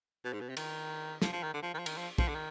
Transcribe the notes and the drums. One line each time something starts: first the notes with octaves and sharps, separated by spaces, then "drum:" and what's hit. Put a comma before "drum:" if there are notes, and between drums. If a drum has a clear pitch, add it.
B2
G#2
B2
C3
D#3, drum: cymbal
F3, drum: snare
F3
D#3
D3
F3
D#3
F3
D#3, drum: cymbal
F3
F3, drum: kick
D3
D#3